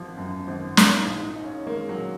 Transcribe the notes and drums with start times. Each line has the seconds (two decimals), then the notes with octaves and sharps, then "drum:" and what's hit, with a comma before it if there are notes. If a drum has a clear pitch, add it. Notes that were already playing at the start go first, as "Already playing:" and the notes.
Already playing: G#1 F3
0.17 F#2
0.47 G#1
0.77 A#2 D#4, drum: snare
0.99 D#4
1.06 A#1
1.21 D#4
1.36 D#4
1.44 C#4
1.66 G#3 A#3
1.89 F#3
1.96 A#2